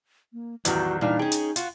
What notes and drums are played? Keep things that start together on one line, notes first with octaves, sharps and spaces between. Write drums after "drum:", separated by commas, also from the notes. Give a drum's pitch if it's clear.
A#3
A1 E2 D#3 F#3 G3 F#4, drum: hi-hat
A#2 E3 G3 D4 D#4 F5
C#4 G#4 G5
drum: hi-hat
F4 F#4, drum: hi-hat